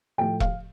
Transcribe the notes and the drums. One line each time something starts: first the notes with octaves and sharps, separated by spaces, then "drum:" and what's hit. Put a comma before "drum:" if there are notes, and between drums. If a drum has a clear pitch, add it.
A2 F3 A3 G5
F5, drum: kick E1